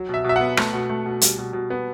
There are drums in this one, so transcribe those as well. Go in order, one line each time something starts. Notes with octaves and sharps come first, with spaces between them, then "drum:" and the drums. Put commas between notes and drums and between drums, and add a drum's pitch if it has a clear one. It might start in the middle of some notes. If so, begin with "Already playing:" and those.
Already playing: F#3
B2 E5
B2 E5
B3 F#5
A3, drum: rim click
B2
A3
B2
G3, drum: hi-hat
B2
B2
B3